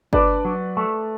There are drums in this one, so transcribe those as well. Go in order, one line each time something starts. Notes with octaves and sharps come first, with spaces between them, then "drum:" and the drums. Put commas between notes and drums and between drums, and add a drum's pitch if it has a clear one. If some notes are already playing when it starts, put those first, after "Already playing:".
D4 B4 D5, drum: kick G1
F#3
A3